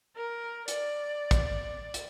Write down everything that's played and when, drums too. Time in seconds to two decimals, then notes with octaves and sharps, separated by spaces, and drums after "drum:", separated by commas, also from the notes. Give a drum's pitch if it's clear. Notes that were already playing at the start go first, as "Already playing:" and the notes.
0.16 A#4
0.68 D5, drum: hi-hat
1.31 drum: kick, hi-hat
1.94 drum: hi-hat